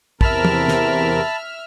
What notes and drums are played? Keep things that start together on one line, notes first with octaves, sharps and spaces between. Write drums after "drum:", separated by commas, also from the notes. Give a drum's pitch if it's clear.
E2 C3 A#4 E5 A5 B5 F6, drum: kick
drum: tom
drum: snare